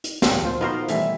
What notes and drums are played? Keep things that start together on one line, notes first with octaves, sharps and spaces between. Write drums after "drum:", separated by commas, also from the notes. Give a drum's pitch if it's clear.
drum: hi-hat
D2 A#2 F3 G5 F#6, drum: snare
D2 F4 C5
B3 D#4 F4 F#4 A#4 C5
B2 E3 G3 A3 E5, drum: hi-hat